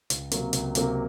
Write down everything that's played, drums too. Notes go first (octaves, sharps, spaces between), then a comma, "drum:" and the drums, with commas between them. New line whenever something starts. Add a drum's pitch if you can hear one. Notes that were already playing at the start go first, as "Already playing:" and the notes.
C#2, drum: hi-hat
C3 F#3 A#3, drum: hi-hat
C#2, drum: hi-hat
C3 F#3 A#3, drum: hi-hat